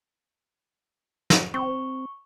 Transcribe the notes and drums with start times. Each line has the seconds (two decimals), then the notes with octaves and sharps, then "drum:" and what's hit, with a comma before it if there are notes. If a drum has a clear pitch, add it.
1.30 drum: snare
1.54 C4 C#6